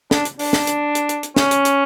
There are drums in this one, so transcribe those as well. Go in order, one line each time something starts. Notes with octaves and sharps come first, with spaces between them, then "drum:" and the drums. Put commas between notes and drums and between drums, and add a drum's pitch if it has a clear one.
D4, drum: snare
drum: hi-hat
D4, drum: open hi-hat
drum: snare
drum: hi-hat
drum: hi-hat
drum: hi-hat
drum: hi-hat
C#4, drum: snare
drum: hi-hat
drum: hi-hat